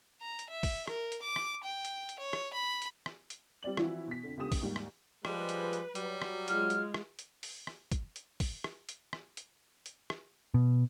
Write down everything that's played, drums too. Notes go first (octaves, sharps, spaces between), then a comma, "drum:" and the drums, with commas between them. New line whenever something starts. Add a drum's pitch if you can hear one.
A#5
drum: hi-hat
E5
drum: kick, open hi-hat
A#4, drum: rim click
drum: hi-hat
D6
drum: rim click
G5
drum: hi-hat
drum: hi-hat
C#5
drum: rim click
B5
drum: hi-hat
drum: rim click
drum: hi-hat
G3 C4 D5 F#7
E3 F3 C4 E4 F#4, drum: rim click
B2 B6
F2 D3
C#2 D3 B3 G4 D#6 E7
drum: kick, open hi-hat
D#2 G#2 G3
drum: rim click
F3 G3 G#3 B4, drum: rim click
drum: hi-hat
drum: hi-hat
F#3 G3, drum: hi-hat
drum: rim click
G#3 F4 F6, drum: hi-hat
drum: hi-hat
drum: rim click
drum: hi-hat
drum: open hi-hat
drum: rim click
drum: kick, hi-hat
drum: hi-hat
drum: kick, open hi-hat
drum: rim click
drum: hi-hat
drum: rim click
drum: hi-hat
drum: hi-hat
drum: rim click
B2